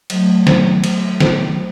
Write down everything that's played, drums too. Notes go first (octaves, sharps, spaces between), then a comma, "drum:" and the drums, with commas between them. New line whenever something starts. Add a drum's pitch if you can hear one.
F#3 A3, drum: cymbal
drum: snare
drum: cymbal
drum: snare